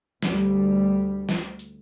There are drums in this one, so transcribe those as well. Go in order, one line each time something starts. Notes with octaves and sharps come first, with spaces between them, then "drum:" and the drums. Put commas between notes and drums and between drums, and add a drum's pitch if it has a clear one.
D2 G3, drum: snare
drum: snare
drum: hi-hat